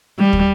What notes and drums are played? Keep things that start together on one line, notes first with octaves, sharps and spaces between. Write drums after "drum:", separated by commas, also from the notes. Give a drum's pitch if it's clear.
G3
drum: kick